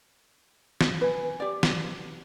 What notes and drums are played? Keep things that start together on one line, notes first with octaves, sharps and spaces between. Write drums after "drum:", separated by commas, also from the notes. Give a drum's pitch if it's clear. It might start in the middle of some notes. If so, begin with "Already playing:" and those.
drum: snare
B4 G#5
G4 D5
drum: snare